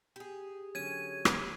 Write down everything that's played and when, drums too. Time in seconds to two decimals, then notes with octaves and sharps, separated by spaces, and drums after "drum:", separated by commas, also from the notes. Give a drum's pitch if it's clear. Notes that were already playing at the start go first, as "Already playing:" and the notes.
0.16 G4 G#4
0.75 D3 F#3 C#4 G#6 D#7
1.25 drum: rim click